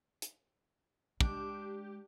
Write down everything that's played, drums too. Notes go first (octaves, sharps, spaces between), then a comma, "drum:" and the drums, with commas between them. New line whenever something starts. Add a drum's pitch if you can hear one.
drum: hi-hat
G#3 D4 G4, drum: kick